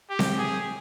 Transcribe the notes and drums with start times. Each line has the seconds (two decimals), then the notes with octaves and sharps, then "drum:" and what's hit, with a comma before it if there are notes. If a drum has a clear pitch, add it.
0.10 G4
0.19 drum: snare C4
0.38 G#4